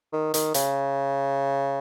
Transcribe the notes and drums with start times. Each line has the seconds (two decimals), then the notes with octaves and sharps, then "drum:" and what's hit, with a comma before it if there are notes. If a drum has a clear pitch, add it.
0.13 D#3
0.34 D#3, drum: hi-hat
0.54 C#3, drum: hi-hat